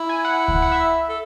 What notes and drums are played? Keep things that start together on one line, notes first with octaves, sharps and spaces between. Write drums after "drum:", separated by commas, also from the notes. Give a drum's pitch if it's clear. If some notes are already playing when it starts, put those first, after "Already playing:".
Already playing: E4
G#5
F#5
drum: kick C#2
F#5
E5
A4